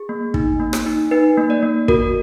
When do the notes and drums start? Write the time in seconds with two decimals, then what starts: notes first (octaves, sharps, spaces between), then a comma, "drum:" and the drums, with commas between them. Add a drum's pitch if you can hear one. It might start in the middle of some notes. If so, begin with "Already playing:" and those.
Already playing: G#4
0.09 A#3
0.34 D#4, drum: kick
0.60 A#3
0.73 drum: rim click
0.86 D#4
1.11 D#4 B4
1.38 A#3
1.50 D5
1.63 A#3
1.88 F#4 A#4, drum: kick